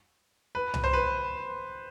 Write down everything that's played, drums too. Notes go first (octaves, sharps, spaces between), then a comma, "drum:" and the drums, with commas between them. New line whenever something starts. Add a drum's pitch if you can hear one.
B4
drum: tom C2
C5
B4